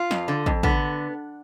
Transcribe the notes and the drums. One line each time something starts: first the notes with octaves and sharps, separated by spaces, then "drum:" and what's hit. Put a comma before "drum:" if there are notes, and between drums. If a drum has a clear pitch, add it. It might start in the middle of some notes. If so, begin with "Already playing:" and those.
Already playing: F4
F2, drum: snare
D3
F2, drum: kick
D3 B3, drum: kick